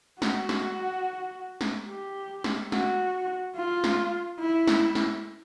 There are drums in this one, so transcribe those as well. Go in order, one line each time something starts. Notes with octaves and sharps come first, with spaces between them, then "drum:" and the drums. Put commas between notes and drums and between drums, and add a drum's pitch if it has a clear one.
F#4, drum: snare
drum: snare
drum: snare
G4
drum: snare
F#4, drum: snare
F4
drum: snare
E4
drum: snare
drum: snare